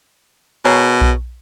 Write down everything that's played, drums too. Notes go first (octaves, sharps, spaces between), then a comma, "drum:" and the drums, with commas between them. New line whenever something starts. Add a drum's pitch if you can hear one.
B2 G#4 A#4 C#5
drum: kick B1